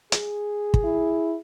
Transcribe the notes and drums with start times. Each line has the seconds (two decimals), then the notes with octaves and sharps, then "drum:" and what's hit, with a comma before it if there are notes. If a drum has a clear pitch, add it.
0.12 G#4, drum: hi-hat
0.74 drum: kick
0.84 E4